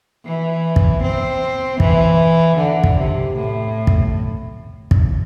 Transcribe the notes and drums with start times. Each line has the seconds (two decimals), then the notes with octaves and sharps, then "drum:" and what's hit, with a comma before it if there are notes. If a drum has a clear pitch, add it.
0.25 E3
0.76 drum: kick
1.03 C4
1.80 E3, drum: kick
2.57 D3
2.84 drum: kick
2.97 C3
3.36 A2
3.87 drum: kick
4.91 drum: kick